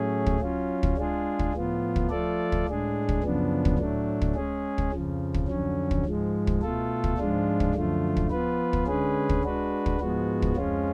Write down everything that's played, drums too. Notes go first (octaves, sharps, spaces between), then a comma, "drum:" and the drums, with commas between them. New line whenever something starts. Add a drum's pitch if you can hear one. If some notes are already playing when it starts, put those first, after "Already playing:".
Already playing: A2 F#3 A3 C#4 G#4
drum: kick
F#3 C#4 F4
drum: kick
G#3 D4 F4 G#4
drum: kick
A2 F3 B3 F4
drum: kick
F3 A3 F4 A4 D5
drum: kick
A2 G#3 D4 G#4
drum: kick
F#2 C#3 F3 B3 D4
drum: kick
A2 F#3 A3 D4
drum: kick
G#3 C#4 G#4
drum: kick
F2 C#3 F3
drum: kick
F2 D3 F#3 C#4
drum: kick
G#2 F3 G#3
drum: kick
B2 A3 F4 A4
drum: kick
G#2 F3 G#3 D4 F4
drum: kick
F#2 D3 F3 A3 F4
drum: kick
F3 B3 F4 B4
drum: kick
D3 G#3 C#4 G#4 B4
drum: kick
G#3 D4 F#4 B4
drum: kick
G#2 F3 G#3 B3 F#4
drum: kick
F2 F3 G#3 C#4 F4